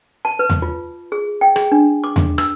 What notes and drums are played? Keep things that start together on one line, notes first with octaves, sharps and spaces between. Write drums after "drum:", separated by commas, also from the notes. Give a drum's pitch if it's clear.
A5
B4
drum: tom E2
F4
G#4
G5
G#4, drum: rim click
D4
D6
drum: tom E2
E6, drum: rim click